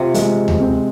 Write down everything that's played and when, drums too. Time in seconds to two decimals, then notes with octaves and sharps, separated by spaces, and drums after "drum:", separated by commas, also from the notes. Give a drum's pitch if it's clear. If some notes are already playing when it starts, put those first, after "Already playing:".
Already playing: C3 F4
0.14 G#3, drum: hi-hat
0.48 drum: tom D#2
0.60 C4